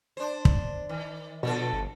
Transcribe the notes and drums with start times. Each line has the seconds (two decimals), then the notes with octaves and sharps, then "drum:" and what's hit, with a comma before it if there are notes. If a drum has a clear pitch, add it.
0.17 D4 C5
0.45 drum: kick
0.89 D#3
1.43 B2 D3 F3 A4
1.73 G1